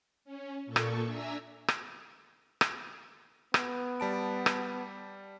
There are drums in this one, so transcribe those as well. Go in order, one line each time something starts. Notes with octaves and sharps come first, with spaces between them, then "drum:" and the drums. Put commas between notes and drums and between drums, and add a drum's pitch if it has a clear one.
C#4
A#2 A4 C#6
drum: rim click
D4 E5 G#5 A#5 E6
drum: rim click
drum: rim click
B3, drum: rim click
G3 A5 D7
drum: rim click